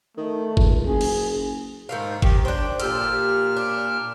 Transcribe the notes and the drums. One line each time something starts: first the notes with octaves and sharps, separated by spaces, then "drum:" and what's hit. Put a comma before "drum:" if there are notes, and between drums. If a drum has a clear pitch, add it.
D#3 A3
C#2, drum: kick
F#1 G#4
drum: cymbal
G#2 D#3 A3 F5
D#3 G4, drum: kick
D4 C5 G5
A#2 F3 G4 A4 F6, drum: hi-hat
D4